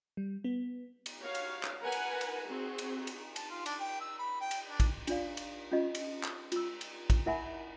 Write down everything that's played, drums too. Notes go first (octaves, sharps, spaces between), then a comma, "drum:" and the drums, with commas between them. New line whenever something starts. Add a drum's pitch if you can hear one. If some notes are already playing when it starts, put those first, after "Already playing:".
G3
B3
drum: cymbal
F#4 C#5 F5
drum: cymbal
drum: clap
A#4 B4 F#5 G#5 A#5 B5
drum: cymbal
drum: cymbal
C4 F#4 G#4
drum: cymbal
drum: cymbal
A5, drum: cymbal
F4
D4, drum: cymbal
G5
E6
B5
G5
drum: cymbal
D4
drum: kick, cymbal
D4 F4 D5 F5, drum: cymbal
drum: cymbal
C#4 F4 G4 D#5
drum: cymbal
drum: clap
F4 E6, drum: cymbal
drum: cymbal
drum: kick, cymbal
E4 A#4 E5 F#5 G#5 B5